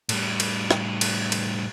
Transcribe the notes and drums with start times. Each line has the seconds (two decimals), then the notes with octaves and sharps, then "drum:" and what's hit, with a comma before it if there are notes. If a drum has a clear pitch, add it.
0.09 A2 G3, drum: cymbal
0.40 drum: cymbal
0.71 drum: rim click
1.01 drum: cymbal
1.32 drum: cymbal